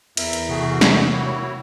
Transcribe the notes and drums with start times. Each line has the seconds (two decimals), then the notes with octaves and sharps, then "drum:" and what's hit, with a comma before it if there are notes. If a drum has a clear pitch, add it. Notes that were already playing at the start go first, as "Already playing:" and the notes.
0.17 E2 E4 A#4 E5, drum: cymbal
0.33 drum: hi-hat
0.49 C3 A3 F#4 G#4
0.81 drum: snare
1.12 A#3 E4 F#4 G4 C#5